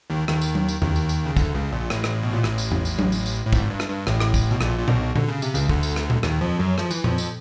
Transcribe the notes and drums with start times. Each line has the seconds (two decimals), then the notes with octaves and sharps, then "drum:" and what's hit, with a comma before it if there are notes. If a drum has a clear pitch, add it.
0.10 D#2 D#3
0.28 D#2 D#3, drum: rim click
0.42 drum: tambourine
0.55 drum: tom F#3
0.69 drum: tambourine
0.82 D#2 D#3, drum: tom E2
0.96 drum: tambourine
1.09 drum: tambourine
1.26 C#3
1.37 D2 D3, drum: kick, tambourine
1.54 C#2 C#3
1.72 A#1 A#2
1.90 A1 A2, drum: rim click
2.04 drum: rim click
2.23 B2
2.33 A#2
2.44 A1 A2, drum: rim click
2.58 drum: tambourine
2.72 drum: tom E2
2.85 drum: tambourine
2.99 drum: tom F#3
3.12 drum: tambourine
3.26 drum: tambourine
3.47 A2
3.53 G#1 G#2, drum: kick, tambourine
3.70 G2
3.80 drum: rim click
3.89 G2
4.07 A1 A2, drum: rim click
4.20 drum: rim click
4.34 drum: kick, tambourine
4.51 B2
4.61 A#1 A#2, drum: rim click
4.79 A#2
4.88 B1 B2, drum: tom A#2
5.16 D3, drum: tom A#2
5.28 C#3
5.42 C3, drum: tambourine
5.55 C#2 C#3, drum: tambourine
5.69 D2 D3, drum: kick
5.83 drum: tambourine
5.96 drum: rim click
6.10 drum: tom A#2
6.23 D#2 D#3, drum: rim click
6.41 F2 F3
6.59 F#2 F#3
6.78 F3, drum: rim click
6.91 E3, drum: tambourine
7.04 F2 F3, drum: tom A#2
7.18 drum: tambourine